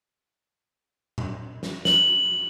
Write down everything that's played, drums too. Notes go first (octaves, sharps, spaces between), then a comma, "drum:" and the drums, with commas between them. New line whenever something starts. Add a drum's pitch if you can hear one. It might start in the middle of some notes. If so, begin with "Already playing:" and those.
drum: tom A#2
drum: snare
F#7, drum: snare